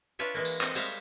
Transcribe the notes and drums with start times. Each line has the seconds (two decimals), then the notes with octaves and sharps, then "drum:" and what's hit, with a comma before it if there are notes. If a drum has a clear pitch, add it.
0.19 D4 F4 B4 C#5 E5
0.34 E3 G#3 A#3
0.45 drum: tambourine
0.61 C4 D#5 F#5, drum: clap
0.75 G3 G#3 C5 C#5 E5 F5, drum: tambourine